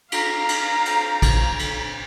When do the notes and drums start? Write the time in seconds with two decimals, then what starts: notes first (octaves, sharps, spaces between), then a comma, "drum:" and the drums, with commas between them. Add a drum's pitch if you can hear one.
0.12 F5 A#5, drum: cymbal
0.49 drum: cymbal
0.85 drum: cymbal
1.22 drum: kick, cymbal
1.59 drum: cymbal